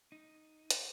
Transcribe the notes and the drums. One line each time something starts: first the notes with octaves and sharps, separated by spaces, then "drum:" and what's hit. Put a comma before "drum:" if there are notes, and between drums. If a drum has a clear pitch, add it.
D#4
drum: hi-hat